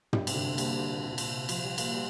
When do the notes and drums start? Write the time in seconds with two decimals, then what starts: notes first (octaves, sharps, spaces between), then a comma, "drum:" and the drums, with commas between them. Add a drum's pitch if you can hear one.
0.13 G3, drum: tom
0.27 C3, drum: cymbal
0.34 D3
0.53 A#3
0.58 G3, drum: cymbal
0.69 G3
0.80 D3
0.92 A#2
1.02 C3
1.12 A#2
1.18 C3, drum: cymbal
1.33 C3
1.49 F3, drum: cymbal
1.63 G3
1.78 A#3, drum: cymbal
1.94 G3